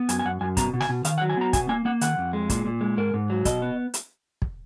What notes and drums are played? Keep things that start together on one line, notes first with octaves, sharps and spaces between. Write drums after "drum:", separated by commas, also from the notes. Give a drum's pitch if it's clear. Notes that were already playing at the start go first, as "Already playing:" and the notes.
Already playing: B3
F#2 G#5, drum: hi-hat
G#5
F#2 F#5
F#2 G#5
B2 A#5, drum: kick, hi-hat
B2
G#5, drum: snare
B2
D#3 F5, drum: hi-hat
F#5
F#3
G#5
B3 A#5
B2 G#5, drum: kick, hi-hat
A#3 G#5
A#3 F#5
D#3 F#5, drum: hi-hat
F2
G#3
A#2, drum: kick, hi-hat
A#2
G#3
G#2 A#4
G#2
F#3
B2 D#5, drum: kick, hi-hat
B3
drum: hi-hat
drum: kick